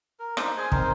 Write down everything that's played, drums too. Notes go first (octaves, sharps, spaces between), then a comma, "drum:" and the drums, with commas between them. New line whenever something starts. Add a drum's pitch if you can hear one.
A#4
D4 D#4 C5, drum: rim click
G#4 C5 G#5
C4 D#4 A#4 C5, drum: kick